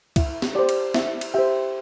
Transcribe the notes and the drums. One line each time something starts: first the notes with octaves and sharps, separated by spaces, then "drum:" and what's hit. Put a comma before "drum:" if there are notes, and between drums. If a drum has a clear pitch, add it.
E4, drum: kick C#2, cymbal
drum: snare
G4 C5 D5
drum: cymbal
E4 E5, drum: snare
drum: cymbal
G4 C5 E5 G5